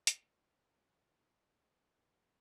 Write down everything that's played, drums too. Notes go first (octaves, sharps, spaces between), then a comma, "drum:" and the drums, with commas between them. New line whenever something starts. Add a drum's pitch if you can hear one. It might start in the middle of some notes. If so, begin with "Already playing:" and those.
D#4, drum: hi-hat
A#4
B4
A#4
F#4
F4
D#4
D4
G#4
B4
B4
A#4